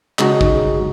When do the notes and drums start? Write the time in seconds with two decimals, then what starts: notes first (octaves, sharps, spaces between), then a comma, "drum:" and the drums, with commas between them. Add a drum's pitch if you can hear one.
0.19 C#3 G#3 D#4 F#4, drum: clap
0.41 drum: kick